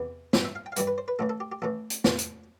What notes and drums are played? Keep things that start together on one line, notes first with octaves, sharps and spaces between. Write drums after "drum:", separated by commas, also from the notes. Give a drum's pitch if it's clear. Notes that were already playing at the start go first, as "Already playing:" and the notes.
Already playing: E2 C3 E3 B3
G2 E3 G3 E5, drum: snare
E5
F5
G5
F5
G2 E3 G3 G5, drum: hi-hat
B4
C5
B4
A1 A2 E3 A4
A4
G4
G4
A1 A2 E3 A4
drum: hi-hat
E2 C3 E3 A3, drum: snare
drum: hi-hat